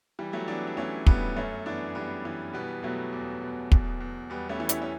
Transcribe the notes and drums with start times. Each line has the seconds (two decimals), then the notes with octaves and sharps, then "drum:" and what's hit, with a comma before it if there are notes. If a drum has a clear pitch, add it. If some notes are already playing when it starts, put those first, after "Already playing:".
0.19 E3 G3
0.33 F#3 A3
0.48 E3 B3 D4
0.67 D4
0.77 E3 A3 C#4
1.06 G2 G3 B3, drum: kick
1.37 F#2 A3 C#4
1.66 E3 B3 D4
1.95 E3 G3 B3
2.25 E3
2.53 B2 G3 B3
2.83 B2 F#3 A3
3.13 E2
3.42 B2
3.72 E2, drum: kick
4.00 E2
4.30 E2 G3 B3
4.49 A3 C#4
4.60 E3
4.69 C#4 E4, drum: hi-hat
4.82 C#4